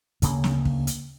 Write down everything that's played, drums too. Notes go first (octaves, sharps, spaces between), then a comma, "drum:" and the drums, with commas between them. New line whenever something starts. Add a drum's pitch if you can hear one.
D2 C#3 A#3, drum: hi-hat
drum: snare
drum: kick
drum: hi-hat